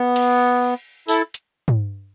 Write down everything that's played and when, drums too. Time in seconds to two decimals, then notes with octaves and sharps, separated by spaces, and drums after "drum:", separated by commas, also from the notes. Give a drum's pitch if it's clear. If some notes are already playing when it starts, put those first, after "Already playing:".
Already playing: B3
0.16 drum: cymbal
1.08 E4 A4, drum: tambourine
1.34 drum: hi-hat
1.68 drum: tom